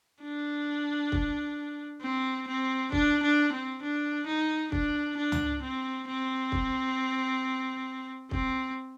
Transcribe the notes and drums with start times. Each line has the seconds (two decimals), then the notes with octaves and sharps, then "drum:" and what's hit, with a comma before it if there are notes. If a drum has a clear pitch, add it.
0.23 D4
1.12 drum: kick
2.02 C4
2.47 C4
2.92 D4, drum: kick
3.23 D4
3.53 C4
3.82 D4
4.26 D#4
4.72 D4, drum: kick
5.17 D4
5.32 drum: tom C#2
5.62 C4
6.07 C4
6.52 drum: kick
8.31 C4, drum: kick